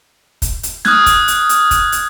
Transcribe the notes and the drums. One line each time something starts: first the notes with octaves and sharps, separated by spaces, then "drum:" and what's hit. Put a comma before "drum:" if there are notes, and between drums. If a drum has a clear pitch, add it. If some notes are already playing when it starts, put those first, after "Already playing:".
drum: kick, hi-hat
drum: hi-hat
D#6 F6 F#6 G#6, drum: snare
drum: kick, hi-hat
drum: hi-hat
drum: hi-hat
drum: kick, hi-hat
drum: hi-hat